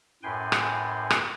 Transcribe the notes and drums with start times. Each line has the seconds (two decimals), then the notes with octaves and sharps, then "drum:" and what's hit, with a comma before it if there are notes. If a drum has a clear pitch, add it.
0.23 F#2 A2 B4 G5 G#5 C6
0.52 drum: rim click
1.10 drum: rim click